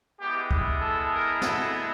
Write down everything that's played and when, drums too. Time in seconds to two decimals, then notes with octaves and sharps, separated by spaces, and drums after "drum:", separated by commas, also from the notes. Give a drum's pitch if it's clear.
0.20 G#3 B3 E4 G4
0.51 drum: kick
0.81 A4
1.12 A#4
1.42 A4, drum: snare